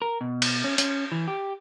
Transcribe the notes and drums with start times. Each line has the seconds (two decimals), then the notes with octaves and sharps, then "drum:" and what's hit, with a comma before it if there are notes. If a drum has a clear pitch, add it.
0.02 A#4
0.21 B2
0.42 drum: cymbal
0.64 C#4
0.78 C#4, drum: hi-hat
1.12 E3
1.28 G4